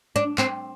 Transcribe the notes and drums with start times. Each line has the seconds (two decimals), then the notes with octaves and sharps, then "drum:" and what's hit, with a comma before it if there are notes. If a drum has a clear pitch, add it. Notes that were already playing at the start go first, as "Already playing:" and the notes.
0.16 D4, drum: hi-hat
0.38 C4, drum: clap